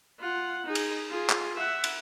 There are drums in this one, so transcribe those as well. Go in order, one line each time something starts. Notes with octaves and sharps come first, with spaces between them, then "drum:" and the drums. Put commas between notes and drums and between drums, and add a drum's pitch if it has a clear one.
F4 F#5
D#4 G#4
drum: cymbal
F4 G#4
drum: clap
E5 F#5
drum: cymbal